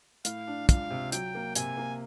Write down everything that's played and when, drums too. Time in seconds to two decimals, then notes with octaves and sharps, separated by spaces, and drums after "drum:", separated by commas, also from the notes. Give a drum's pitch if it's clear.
0.25 A2 F5, drum: hi-hat
0.47 D4
0.69 C#2 F5, drum: kick, hi-hat
0.90 C3
1.12 F#3 G5, drum: hi-hat
1.35 A#3
1.55 C3 G#5, drum: hi-hat
1.77 A#3